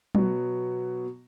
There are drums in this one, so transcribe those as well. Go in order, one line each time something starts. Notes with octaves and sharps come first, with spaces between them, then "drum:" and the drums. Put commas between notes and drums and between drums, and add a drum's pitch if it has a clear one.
B2 F#3 B3, drum: tom F#3